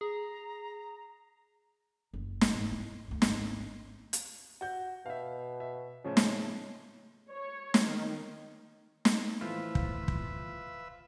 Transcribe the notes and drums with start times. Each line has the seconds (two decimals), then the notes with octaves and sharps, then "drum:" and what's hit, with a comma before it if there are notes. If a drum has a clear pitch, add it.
0.01 G#4 A#5
2.14 F#1
2.41 drum: snare
2.53 G#2
2.71 E4
3.07 D2 G2
3.22 G#1 D3, drum: snare
4.13 drum: hi-hat
4.61 F#4 G6
5.06 B2 E5 F5
5.60 E5
6.04 A2 C#3 F3 C#4
6.17 drum: snare
7.30 C#5
7.74 drum: snare
7.85 D#3
9.05 drum: snare
9.41 A2 E3 F3 F4 B4 E5
9.75 drum: kick
10.08 drum: kick